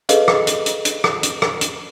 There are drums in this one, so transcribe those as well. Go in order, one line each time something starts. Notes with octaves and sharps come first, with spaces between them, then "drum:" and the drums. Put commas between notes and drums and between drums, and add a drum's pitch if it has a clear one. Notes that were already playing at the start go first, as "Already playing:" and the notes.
G#4 A4 B4 D#5 F5, drum: hi-hat
drum: rim click
drum: hi-hat
drum: hi-hat
drum: hi-hat
drum: rim click
drum: hi-hat
drum: rim click
drum: hi-hat